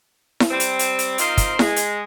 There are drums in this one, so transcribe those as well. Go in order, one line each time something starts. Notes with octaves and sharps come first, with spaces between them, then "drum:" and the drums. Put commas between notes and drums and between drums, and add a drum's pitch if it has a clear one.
drum: snare E4
G3 C4
drum: hi-hat
drum: hi-hat
drum: hi-hat
C4 D#4 F4 A#4 C5, drum: hi-hat
drum: kick, hi-hat
G#3, drum: snare E4
drum: hi-hat